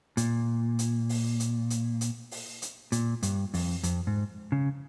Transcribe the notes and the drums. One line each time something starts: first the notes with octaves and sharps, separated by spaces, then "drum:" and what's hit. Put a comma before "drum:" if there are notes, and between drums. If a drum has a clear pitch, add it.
A#2, drum: hi-hat
drum: hi-hat
drum: open hi-hat
drum: hi-hat
drum: hi-hat
drum: hi-hat
drum: open hi-hat
drum: hi-hat
A#2, drum: hi-hat
G2, drum: hi-hat
F2, drum: open hi-hat
F2, drum: hi-hat
G#2
C#3